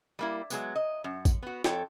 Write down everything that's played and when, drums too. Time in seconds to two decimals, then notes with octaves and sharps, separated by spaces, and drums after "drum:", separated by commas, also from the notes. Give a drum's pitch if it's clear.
0.19 G3 A#3 E4
0.50 F#3 G#3 B3, drum: tambourine
0.75 D#5
1.04 F#2
1.25 drum: kick A1, tambourine
1.43 B3 F#4
1.64 F2 A4 C#5 G5, drum: snare